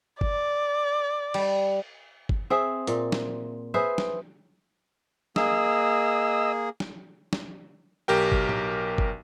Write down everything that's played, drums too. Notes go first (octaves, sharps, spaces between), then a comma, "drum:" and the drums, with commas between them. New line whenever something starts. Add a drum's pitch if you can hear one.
D5, drum: kick G1
G3, drum: cymbal
drum: kick G1
C4 G#4 E5
A#2, drum: hi-hat
drum: snare
G#4 B4 C5 E5
drum: snare
A#3 G#4 D#5 E6, drum: snare
drum: snare
drum: snare
B1 G4 A#4 G5
drum: kick G1
drum: tom
drum: kick G1